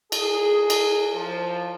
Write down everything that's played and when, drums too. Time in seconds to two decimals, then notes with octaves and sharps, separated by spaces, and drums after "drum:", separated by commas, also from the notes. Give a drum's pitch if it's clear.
0.12 G#4, drum: cymbal
0.70 drum: cymbal
1.14 F3